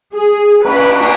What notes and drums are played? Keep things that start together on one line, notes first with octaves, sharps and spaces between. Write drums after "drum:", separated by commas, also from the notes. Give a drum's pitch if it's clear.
G#4
B4, drum: cymbal
drum: cymbal